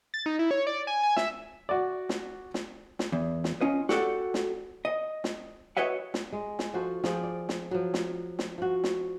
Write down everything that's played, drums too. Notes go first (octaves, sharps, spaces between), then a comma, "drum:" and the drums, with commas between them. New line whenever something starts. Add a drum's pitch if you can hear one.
A6
D#4
E4
C#5
D5
G#5
G#5
E5, drum: snare
F#4 D5
drum: snare
drum: snare
drum: snare
E2
drum: snare
C#4 F4 D#5
F#4 G4 A4 D5 F#5, drum: snare
drum: snare
D#5
drum: snare
F#4 B4 C#5 D#5 E5 F#5
drum: snare
G#3
drum: snare
F3 F#4 A4 C5
F3 F4 G#4 G5, drum: snare
D5
drum: snare
F3 F#3
drum: snare
drum: snare
F3 F#4
drum: snare